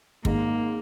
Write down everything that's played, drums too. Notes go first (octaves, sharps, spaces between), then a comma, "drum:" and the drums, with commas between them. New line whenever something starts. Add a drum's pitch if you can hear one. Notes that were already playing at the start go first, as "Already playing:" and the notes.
G#1 G#2 D#3 A#3, drum: kick